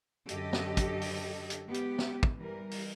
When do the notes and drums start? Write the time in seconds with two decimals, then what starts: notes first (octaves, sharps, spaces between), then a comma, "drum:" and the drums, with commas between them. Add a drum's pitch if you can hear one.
0.29 F#2 D3 G4 A4 D#5, drum: hi-hat
0.53 drum: snare
0.77 drum: kick, hi-hat
1.01 drum: open hi-hat
1.50 drum: hi-hat
1.65 G#3 B3 G4
1.74 drum: hi-hat
1.99 drum: snare
2.23 drum: kick
2.38 E3 G3 A#4
2.71 drum: open hi-hat